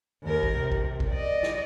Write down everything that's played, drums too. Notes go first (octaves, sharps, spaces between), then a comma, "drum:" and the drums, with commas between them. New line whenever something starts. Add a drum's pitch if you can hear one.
D#2 A#4
drum: kick
C3
drum: kick
drum: kick
D5 D#5
drum: snare